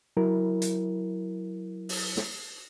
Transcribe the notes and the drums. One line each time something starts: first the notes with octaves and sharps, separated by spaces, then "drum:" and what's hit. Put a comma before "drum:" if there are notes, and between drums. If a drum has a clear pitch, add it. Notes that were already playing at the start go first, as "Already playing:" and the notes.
F#3 E4 A#4
drum: hi-hat
drum: open hi-hat
drum: snare